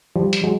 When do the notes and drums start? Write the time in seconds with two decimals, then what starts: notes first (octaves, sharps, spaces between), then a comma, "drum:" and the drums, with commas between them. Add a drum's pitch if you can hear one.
0.16 F3 G3
0.33 drum: hi-hat
0.43 F#3 G#3